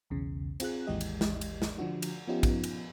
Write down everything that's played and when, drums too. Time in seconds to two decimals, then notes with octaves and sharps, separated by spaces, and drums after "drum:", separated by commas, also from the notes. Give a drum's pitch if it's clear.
0.10 B1 E2 C#3
0.60 C4 F4 G#4 F#6, drum: cymbal
0.87 G#1 D#2 E3 G#3 G4 D#5
1.01 drum: cymbal
1.21 drum: snare
1.41 drum: cymbal
1.62 drum: snare
1.79 D3 F3 D4 F#4
2.02 drum: cymbal
2.27 F3 B3 C#4 D#4 F4 G4
2.43 drum: kick, cymbal
2.64 drum: cymbal